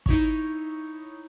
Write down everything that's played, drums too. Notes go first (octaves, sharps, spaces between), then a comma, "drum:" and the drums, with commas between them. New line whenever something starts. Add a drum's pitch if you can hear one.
D#4 E4 C#5 C#6, drum: kick